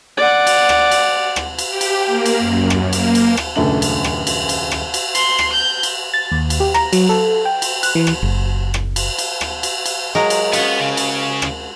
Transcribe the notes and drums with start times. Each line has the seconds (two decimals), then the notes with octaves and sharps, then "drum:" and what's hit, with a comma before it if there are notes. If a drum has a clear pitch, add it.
0.17 D5 F#5
0.47 drum: cymbal
0.69 drum: rim click
0.91 drum: cymbal
1.36 drum: rim click
1.59 drum: cymbal
1.69 G4
1.81 drum: cymbal
2.06 A#3
2.26 drum: cymbal
2.39 F#2
2.70 drum: rim click
2.93 A#3, drum: cymbal
3.15 drum: cymbal
3.37 drum: rim click
3.56 D#1 C#2 F#2 A3 D4 F#7
3.82 drum: cymbal
4.04 drum: rim click
4.27 drum: cymbal
4.49 drum: cymbal
4.71 drum: rim click
4.94 drum: cymbal
5.15 C6, drum: cymbal
5.39 drum: rim click
5.53 G6
5.83 drum: cymbal
6.14 A6
6.32 D#2
6.50 drum: cymbal
6.60 G4
6.74 A#5, drum: rim click
6.93 F#3, drum: cymbal
7.09 A4
7.45 G5
7.62 drum: cymbal
7.83 F#6, drum: cymbal
7.95 E3
8.07 drum: rim click
8.23 F#1
8.74 drum: rim click
8.96 drum: cymbal
9.19 drum: cymbal
9.41 drum: rim click
9.63 drum: cymbal
9.86 drum: cymbal
10.15 F#3 G#3 A#4
10.30 drum: cymbal
10.53 B3 C#4 F4, drum: cymbal
10.80 C#3
10.97 drum: cymbal
11.42 drum: rim click